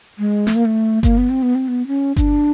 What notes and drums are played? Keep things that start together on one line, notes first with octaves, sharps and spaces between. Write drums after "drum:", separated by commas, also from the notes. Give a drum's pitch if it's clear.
G#3
A3, drum: snare
A#3
A3
A#3, drum: kick G1, hi-hat
B3
C4
B3
C4
B3
C#4
D4, drum: kick G1, hi-hat